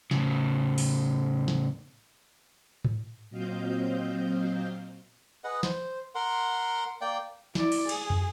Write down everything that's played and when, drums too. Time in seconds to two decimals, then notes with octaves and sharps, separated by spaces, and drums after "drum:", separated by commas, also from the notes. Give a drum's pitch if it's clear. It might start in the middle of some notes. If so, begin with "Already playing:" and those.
0.11 A2 C#3, drum: snare
0.78 drum: open hi-hat
1.48 drum: snare
2.85 drum: tom G#2
3.30 A#2 F#3 C4 D#5 F5 G6
5.44 G#4 B4 D#5 F#5
5.63 C5, drum: snare
6.15 A#4 F#5 C6
7.01 A#3 D5 G5
7.55 E4 D5, drum: snare
7.72 drum: open hi-hat
7.89 G#4, drum: cymbal
8.10 drum: tom